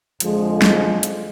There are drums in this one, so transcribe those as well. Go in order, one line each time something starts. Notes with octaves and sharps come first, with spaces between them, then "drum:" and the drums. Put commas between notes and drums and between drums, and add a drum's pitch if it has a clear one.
F2 D3 F3 G#3, drum: hi-hat
drum: snare
drum: hi-hat